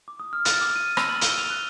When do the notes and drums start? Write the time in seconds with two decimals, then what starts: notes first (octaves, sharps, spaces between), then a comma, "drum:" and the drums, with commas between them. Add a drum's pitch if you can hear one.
0.08 D6
0.20 D#6
0.33 F6
0.45 A6, drum: hi-hat
0.61 D6
0.76 D#7
0.97 E6, drum: rim click
1.09 F#7
1.21 G7, drum: hi-hat
1.38 F7
1.50 F#6